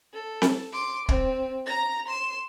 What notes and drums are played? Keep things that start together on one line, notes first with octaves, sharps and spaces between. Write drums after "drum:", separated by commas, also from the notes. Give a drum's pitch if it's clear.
A4
drum: snare C4
C6 D6
C4, drum: kick
A#5 A#6
C6 E7